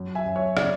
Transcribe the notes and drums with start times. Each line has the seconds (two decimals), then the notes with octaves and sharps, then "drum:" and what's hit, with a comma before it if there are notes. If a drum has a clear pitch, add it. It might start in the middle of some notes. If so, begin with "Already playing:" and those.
Already playing: F#2
0.15 E5 G#5
0.25 F#2
0.36 C#5 E5
0.57 C#3 D5, drum: rim click